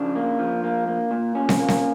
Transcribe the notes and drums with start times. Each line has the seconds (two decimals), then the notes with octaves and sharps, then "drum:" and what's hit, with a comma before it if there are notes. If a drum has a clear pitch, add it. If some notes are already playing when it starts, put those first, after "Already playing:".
Already playing: C#3 F3 D4
0.15 A#3
0.39 F3
0.64 A#3
0.88 A#3
1.11 A#2
1.35 A#2 C#4
1.49 drum: snare
1.59 A#3
1.68 drum: snare